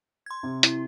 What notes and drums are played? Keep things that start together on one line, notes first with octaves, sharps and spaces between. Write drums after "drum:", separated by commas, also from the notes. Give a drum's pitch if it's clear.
C6 G#6
C3
E4, drum: hi-hat